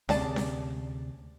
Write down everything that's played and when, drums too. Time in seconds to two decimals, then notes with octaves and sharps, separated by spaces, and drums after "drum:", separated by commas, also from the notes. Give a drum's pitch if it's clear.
0.09 D2 C3 G#4 D5 A5, drum: snare C#4
0.36 drum: snare C#4